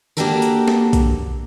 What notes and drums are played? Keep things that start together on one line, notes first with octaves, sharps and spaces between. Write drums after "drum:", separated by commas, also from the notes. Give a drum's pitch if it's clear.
A#3 D4 F#4 G4 A4 A#4
drum: hi-hat
drum: snare
drum: kick B1, hi-hat